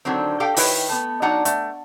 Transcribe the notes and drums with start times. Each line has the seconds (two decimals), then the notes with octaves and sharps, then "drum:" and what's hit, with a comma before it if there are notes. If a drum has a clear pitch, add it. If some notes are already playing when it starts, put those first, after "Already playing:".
0.05 D3 D#3 F#3 C4
0.40 G4 A4 F5 G5
0.56 D#3 E4 B4 C#5 G5, drum: open hi-hat
0.89 A3 B3
1.22 F#3 D4 D#4 F#5 A#5
1.45 A3, drum: hi-hat